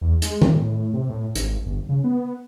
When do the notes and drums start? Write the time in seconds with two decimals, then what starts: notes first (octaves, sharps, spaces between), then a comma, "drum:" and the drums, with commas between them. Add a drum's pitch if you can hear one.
0.01 E2
0.22 G#3, drum: hi-hat
0.42 drum: tom D#3
0.55 A2
0.94 C3
1.09 A2
1.35 G#1, drum: hi-hat
1.66 G1
1.89 C#3
2.04 B3